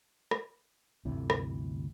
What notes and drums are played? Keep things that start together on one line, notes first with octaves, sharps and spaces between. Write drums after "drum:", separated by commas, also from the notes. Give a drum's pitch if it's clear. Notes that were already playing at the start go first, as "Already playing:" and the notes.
drum: rim click
G1 D2 C3 E3
drum: rim click